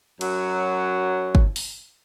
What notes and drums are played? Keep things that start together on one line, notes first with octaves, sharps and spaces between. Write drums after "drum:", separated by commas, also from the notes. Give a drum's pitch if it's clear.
F#2 F#3, drum: cymbal
drum: kick G1
drum: open hi-hat